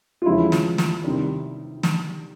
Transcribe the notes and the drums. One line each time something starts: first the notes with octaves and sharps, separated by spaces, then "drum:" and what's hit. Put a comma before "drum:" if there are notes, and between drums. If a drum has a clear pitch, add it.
F4
E2 C#3 F3 G#3 E4
drum: snare
drum: snare
C3 D#3 G3
drum: snare